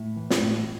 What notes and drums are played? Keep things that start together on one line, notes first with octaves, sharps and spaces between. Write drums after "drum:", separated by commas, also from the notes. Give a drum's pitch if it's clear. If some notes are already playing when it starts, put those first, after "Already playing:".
Already playing: A2 E4
E3
drum: snare
A2